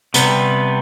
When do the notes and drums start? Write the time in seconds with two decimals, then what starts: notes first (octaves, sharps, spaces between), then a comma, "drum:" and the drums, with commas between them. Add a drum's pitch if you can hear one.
0.14 C3 G3 B3, drum: hi-hat